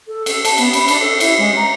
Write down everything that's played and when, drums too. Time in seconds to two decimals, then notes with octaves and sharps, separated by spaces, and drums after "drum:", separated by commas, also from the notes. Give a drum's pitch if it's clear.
0.07 A4
0.26 A4, drum: cymbal
0.45 A5, drum: cymbal
0.58 B3, drum: cymbal
0.73 B5, drum: cymbal
0.88 D4, drum: cymbal
1.00 A4
1.20 E4, drum: cymbal
1.38 G#3
1.56 A#5